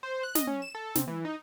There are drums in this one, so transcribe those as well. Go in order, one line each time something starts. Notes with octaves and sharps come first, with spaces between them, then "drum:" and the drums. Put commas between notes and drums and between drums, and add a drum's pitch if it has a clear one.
C5
F#6
D#5, drum: snare
C#4
E7
A4
C3, drum: snare
E3
D#4